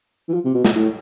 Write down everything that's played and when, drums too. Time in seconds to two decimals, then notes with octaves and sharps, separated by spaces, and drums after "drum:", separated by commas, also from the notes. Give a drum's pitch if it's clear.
0.29 E3
0.34 F3
0.45 C3
0.55 B2
0.65 A#2, drum: snare
0.76 A2